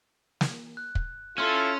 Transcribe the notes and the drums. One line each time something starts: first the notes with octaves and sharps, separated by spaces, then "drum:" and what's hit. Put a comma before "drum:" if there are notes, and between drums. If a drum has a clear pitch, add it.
drum: snare
F#6
drum: kick
C#4 E4 F4 A4 C6 F6